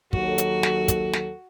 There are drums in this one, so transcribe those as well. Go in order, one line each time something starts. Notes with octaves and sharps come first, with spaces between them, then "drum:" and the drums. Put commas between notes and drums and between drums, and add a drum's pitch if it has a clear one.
D#2 F#3 F#4 A4, drum: kick
drum: hi-hat
drum: snare
drum: kick, hi-hat
drum: snare